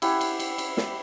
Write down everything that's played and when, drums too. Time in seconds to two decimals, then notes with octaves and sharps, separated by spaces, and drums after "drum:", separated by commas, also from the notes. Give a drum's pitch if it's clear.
0.02 E4 G4 F#5 G#5, drum: cymbal
0.21 drum: cymbal
0.40 drum: cymbal
0.58 drum: cymbal
0.77 drum: snare